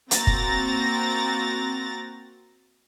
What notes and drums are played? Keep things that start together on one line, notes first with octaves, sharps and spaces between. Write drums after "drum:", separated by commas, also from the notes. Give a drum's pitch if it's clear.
A#3 C4 F#4 A#5 A6 A#6, drum: hi-hat
drum: kick